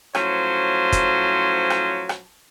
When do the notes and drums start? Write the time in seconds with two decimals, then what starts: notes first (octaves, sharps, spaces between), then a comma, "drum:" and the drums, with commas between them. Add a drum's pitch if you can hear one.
0.15 A2 F3 F#3 C#4 C5, drum: rim click
0.92 drum: kick, hi-hat
1.70 drum: rim click
2.09 drum: rim click